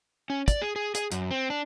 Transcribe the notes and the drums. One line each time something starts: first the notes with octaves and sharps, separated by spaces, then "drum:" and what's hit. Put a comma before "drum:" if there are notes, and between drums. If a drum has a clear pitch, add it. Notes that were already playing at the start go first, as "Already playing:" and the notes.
C#4
D5, drum: kick, hi-hat
G#4
G#4
G#4, drum: hi-hat
F#2, drum: hi-hat
C4
D4